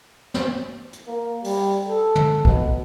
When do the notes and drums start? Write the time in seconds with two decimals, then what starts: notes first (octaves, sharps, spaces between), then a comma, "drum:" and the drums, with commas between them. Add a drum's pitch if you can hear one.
0.34 drum: snare
0.93 drum: hi-hat
1.07 A#3
1.44 G3, drum: open hi-hat
1.88 A4
2.15 drum: tom
2.45 B2, drum: kick